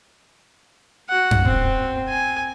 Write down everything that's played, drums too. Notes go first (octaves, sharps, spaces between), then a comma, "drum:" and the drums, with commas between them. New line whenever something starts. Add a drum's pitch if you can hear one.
F#4 F#5
drum: tom F#2
C4, drum: kick D#1
G#5